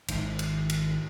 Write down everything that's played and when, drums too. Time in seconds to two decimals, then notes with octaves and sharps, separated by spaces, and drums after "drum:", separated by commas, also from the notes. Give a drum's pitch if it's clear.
0.08 G#1 D#3, drum: cymbal
0.39 drum: cymbal
0.70 drum: cymbal